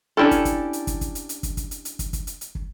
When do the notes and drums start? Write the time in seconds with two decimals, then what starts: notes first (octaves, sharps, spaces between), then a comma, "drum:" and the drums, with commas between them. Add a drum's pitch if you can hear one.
0.17 C#4 D4 E4 G4 A4
0.31 drum: kick, hi-hat
0.45 drum: kick, hi-hat
0.73 drum: hi-hat
0.87 drum: kick, hi-hat
1.01 drum: kick, hi-hat
1.15 drum: hi-hat
1.29 drum: hi-hat
1.43 drum: kick, hi-hat
1.57 drum: kick, hi-hat
1.71 drum: hi-hat
1.85 drum: hi-hat
1.99 drum: kick, hi-hat
2.13 drum: kick, hi-hat
2.27 drum: hi-hat
2.41 drum: hi-hat
2.55 drum: kick